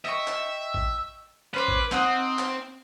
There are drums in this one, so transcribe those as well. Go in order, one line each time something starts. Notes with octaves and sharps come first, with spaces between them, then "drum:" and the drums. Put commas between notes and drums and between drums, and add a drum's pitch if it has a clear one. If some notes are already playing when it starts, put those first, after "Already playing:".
D#5 E5 G5 C#6
drum: clap
drum: kick A1
C#4 B4 C5 D6
drum: kick A1
C4 D#4 F#5 D#6, drum: clap
drum: clap